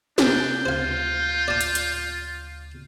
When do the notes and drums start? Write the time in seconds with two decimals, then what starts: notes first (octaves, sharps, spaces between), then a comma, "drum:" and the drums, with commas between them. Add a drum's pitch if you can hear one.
0.18 C3 C#4 D4 G4 G6, drum: snare
0.66 D2 C#3 F4 C5 F5 G#6
1.48 D5 A5
1.61 drum: hi-hat
1.75 drum: hi-hat